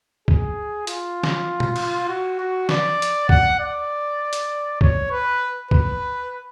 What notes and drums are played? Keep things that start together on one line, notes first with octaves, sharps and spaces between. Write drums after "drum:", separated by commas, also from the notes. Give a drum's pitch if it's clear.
G#4, drum: kick
F4, drum: hi-hat
drum: snare
drum: tom A#2
drum: cymbal
F#4
F#4
D5, drum: snare
drum: hi-hat
F#5, drum: kick
D5
drum: hi-hat
C#5, drum: kick
B4
B4, drum: kick